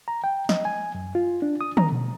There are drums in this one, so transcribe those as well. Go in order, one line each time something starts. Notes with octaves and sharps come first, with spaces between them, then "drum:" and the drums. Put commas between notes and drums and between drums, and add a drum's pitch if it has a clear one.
A#5
G5
D#5, drum: snare
G#5
F#2
F4
D4
D#6
A#5, drum: tom
B2